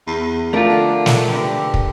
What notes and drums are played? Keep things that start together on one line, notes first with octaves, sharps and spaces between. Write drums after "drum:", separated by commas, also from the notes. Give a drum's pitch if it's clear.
E2
F3 A3 D4 F4 A#4
D3
drum: snare
D3 G4 A#4 B4
drum: kick